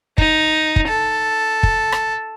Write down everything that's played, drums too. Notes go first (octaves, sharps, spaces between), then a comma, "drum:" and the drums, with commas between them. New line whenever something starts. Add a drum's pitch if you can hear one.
D#4, drum: kick
drum: kick
A4
drum: kick
drum: rim click